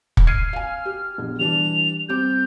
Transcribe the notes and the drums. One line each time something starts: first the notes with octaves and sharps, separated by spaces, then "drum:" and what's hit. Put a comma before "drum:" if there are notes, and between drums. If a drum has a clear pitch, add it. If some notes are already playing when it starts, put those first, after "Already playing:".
drum: kick
F6 G#6 C7 D#7
F5 G#5
G4
A#1 B2
E3 G3 D4 F7
G3 C4 D6 G6